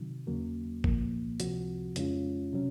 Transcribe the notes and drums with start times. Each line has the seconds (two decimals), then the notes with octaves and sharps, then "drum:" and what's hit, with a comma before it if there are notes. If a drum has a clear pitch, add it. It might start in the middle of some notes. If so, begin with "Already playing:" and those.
Already playing: C3 D#3 F#3
0.27 D#2 C#3 F#3 A#3
0.84 C2 A#2 F3 A#3, drum: kick
1.40 C#2 C3 F3 C4 F#4, drum: hi-hat
1.96 F2 C#3 G#3 C#4 F4, drum: hi-hat
2.52 C3 F#3 C#4